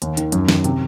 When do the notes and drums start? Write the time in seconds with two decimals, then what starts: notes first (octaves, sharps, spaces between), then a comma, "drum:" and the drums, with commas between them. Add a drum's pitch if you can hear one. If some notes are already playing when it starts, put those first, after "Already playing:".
0.02 D#2, drum: hi-hat
0.17 D#3, drum: hi-hat
0.32 F#2, drum: hi-hat
0.48 D#3, drum: snare
0.64 C3, drum: hi-hat